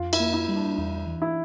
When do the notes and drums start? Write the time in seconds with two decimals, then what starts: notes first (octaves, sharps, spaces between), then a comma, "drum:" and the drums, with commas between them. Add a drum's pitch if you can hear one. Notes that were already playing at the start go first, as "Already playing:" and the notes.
Already playing: F2 F4
0.13 E4, drum: cymbal
0.20 A#3
0.34 E4
0.49 G3
0.55 D4
0.77 E2 E4
1.06 E3
1.22 E4